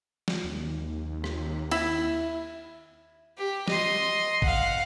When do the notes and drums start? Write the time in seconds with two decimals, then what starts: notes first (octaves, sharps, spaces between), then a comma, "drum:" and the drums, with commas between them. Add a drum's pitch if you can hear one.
0.28 drum: snare
0.44 D#2
1.24 drum: rim click
1.71 E4, drum: cymbal
3.37 G4
3.68 D#5 C6, drum: snare
4.42 F5 F#5, drum: kick